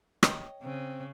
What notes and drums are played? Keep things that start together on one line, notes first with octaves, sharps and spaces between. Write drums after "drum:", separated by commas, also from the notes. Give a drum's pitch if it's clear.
C#5 D#5 G5, drum: rim click
C#3 C4